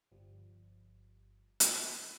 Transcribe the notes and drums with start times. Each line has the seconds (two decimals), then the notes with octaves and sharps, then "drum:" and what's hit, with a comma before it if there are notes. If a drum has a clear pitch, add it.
0.12 G1 F3 G3
1.60 drum: hi-hat